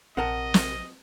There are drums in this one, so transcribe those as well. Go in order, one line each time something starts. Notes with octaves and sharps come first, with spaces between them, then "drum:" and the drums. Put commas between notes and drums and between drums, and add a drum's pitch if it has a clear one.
A#1 C3 A#4 D#5 F#5 A5
drum: snare